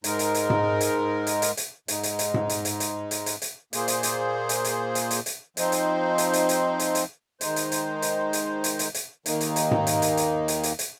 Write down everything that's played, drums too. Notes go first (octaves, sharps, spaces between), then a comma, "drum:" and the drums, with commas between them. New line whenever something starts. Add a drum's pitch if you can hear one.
G#2 G#3 D#4 A#4, drum: hi-hat
drum: hi-hat
drum: hi-hat
drum: tom G#2
drum: hi-hat
drum: hi-hat
drum: hi-hat
drum: hi-hat
G#2 G#3 D#4, drum: hi-hat
drum: hi-hat
drum: hi-hat
drum: tom G#2
drum: hi-hat
drum: hi-hat
drum: hi-hat
drum: hi-hat
drum: hi-hat
drum: hi-hat
A#2 A#3 G#4 C5, drum: hi-hat
drum: hi-hat
drum: hi-hat
drum: hi-hat
drum: hi-hat
drum: hi-hat
drum: hi-hat
drum: hi-hat
F3 C4 D#4 C5, drum: hi-hat
drum: hi-hat
drum: hi-hat
drum: hi-hat
drum: hi-hat
drum: hi-hat
drum: hi-hat
D#3 G#3 D#4 C5, drum: hi-hat
drum: hi-hat
drum: hi-hat
drum: hi-hat
drum: hi-hat
drum: hi-hat
drum: hi-hat
drum: hi-hat
D#2 D#3 A#3 D#4, drum: hi-hat
drum: hi-hat
drum: hi-hat
drum: tom G#2
drum: hi-hat
drum: hi-hat
drum: hi-hat
drum: hi-hat
drum: hi-hat
drum: hi-hat